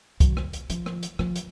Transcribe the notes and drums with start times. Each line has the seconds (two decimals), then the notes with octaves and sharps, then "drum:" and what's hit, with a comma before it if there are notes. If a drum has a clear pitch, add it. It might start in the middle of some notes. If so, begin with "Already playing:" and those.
0.20 F#3, drum: kick C2, hi-hat
0.37 drum: rim click
0.53 drum: hi-hat
0.70 F3, drum: hi-hat
0.86 drum: rim click
1.03 drum: hi-hat
1.19 F3, drum: rim click
1.36 drum: hi-hat